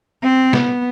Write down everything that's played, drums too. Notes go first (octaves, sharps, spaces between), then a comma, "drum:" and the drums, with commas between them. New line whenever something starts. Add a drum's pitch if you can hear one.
C4
B3, drum: snare